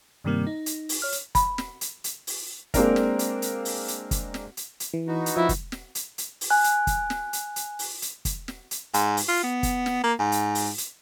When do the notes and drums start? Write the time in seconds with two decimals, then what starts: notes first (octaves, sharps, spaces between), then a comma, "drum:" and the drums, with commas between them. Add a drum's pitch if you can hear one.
0.24 G2 C3 D#3 G3 A#3 C4
0.47 D#4
0.66 drum: hi-hat
0.89 drum: open hi-hat
1.02 C#5 F6
1.12 drum: hi-hat
1.35 B5, drum: kick, hi-hat
1.58 drum: snare
1.81 drum: hi-hat
2.04 drum: hi-hat
2.27 drum: open hi-hat
2.74 G#3 A#3 C4 D4 A#4, drum: kick, hi-hat
2.96 drum: snare
3.19 drum: hi-hat
3.42 drum: hi-hat
3.65 drum: open hi-hat
3.88 drum: hi-hat
4.11 drum: kick, hi-hat
4.34 drum: snare
4.57 drum: hi-hat
4.80 drum: hi-hat
4.93 E3
5.08 B3 D#4 F#4
5.26 drum: hi-hat
5.37 F3 E4
5.49 drum: kick, hi-hat
5.72 drum: snare
5.95 drum: hi-hat
6.18 drum: hi-hat
6.41 drum: open hi-hat
6.50 G#5 F#6
6.64 drum: hi-hat
6.87 drum: kick, hi-hat
7.10 drum: snare
7.33 drum: hi-hat
7.56 drum: hi-hat
7.79 drum: open hi-hat
8.02 drum: hi-hat
8.25 drum: kick, hi-hat
8.48 drum: snare
8.71 drum: hi-hat
8.94 G#2, drum: hi-hat
9.17 drum: open hi-hat
9.28 F4
9.43 B3
9.63 drum: kick, hi-hat
9.86 drum: snare
10.04 A#3
10.19 G#2
10.32 drum: hi-hat
10.55 drum: open hi-hat
10.78 drum: hi-hat